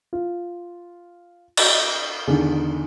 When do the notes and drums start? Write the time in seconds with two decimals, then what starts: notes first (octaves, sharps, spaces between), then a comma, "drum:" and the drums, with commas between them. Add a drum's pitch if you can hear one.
0.13 F4
1.57 drum: cymbal
2.27 E2 D3 D#3